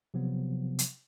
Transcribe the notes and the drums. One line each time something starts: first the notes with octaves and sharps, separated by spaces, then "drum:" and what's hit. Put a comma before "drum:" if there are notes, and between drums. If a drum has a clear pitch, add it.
C3 F3 F#3 B3
drum: hi-hat